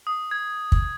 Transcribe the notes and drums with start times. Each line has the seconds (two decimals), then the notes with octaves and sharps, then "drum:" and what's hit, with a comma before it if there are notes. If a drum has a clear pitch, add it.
0.07 D#6
0.31 G#6
0.72 drum: kick